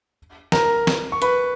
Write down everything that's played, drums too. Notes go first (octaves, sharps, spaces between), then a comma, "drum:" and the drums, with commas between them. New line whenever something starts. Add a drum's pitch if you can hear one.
A#4 A#5, drum: snare
drum: snare
C#6
B4 B5, drum: hi-hat